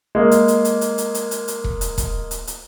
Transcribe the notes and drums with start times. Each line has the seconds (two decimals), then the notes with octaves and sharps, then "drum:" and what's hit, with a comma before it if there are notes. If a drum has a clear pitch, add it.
0.15 G#3 A#3
0.31 drum: hi-hat
0.48 drum: hi-hat
0.65 drum: hi-hat
0.81 drum: hi-hat
0.98 drum: hi-hat
1.15 drum: hi-hat
1.31 drum: hi-hat
1.48 drum: hi-hat
1.64 drum: kick E1
1.81 drum: hi-hat
1.98 drum: kick E1, hi-hat
2.31 drum: hi-hat
2.47 drum: hi-hat